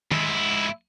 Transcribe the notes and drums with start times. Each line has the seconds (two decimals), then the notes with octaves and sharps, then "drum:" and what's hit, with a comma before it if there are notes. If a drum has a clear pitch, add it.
0.12 G#2 E4, drum: tom D#3